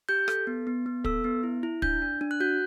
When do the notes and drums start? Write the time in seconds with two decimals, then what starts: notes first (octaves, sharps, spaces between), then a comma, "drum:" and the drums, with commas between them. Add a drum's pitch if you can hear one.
0.09 G4 G6
0.28 A4, drum: rim click
0.47 B3
0.67 B3
0.86 B3
1.05 A4 E6, drum: kick
1.24 B3
1.43 E4
1.63 E4
1.82 D4 G6, drum: kick
2.02 D4
2.21 D4
2.31 F#6
2.40 F#4 G6